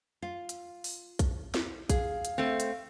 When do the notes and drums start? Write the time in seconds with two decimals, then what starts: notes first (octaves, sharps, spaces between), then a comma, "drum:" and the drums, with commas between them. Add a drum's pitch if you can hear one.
0.22 F4
0.49 drum: hi-hat
0.84 drum: open hi-hat
1.19 drum: kick A#1, hi-hat
1.54 drum: snare
1.90 G#4 F5, drum: kick A#1, hi-hat
2.25 drum: hi-hat
2.38 A3 C4
2.60 drum: hi-hat